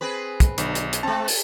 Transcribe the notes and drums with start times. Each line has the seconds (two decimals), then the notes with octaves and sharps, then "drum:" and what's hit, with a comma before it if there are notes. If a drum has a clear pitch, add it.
0.01 C4 G#4 B4
0.40 drum: kick, hi-hat
0.58 B1 D3, drum: hi-hat
0.75 drum: hi-hat
0.93 drum: hi-hat
1.03 G#3 C4 A5
1.28 drum: open hi-hat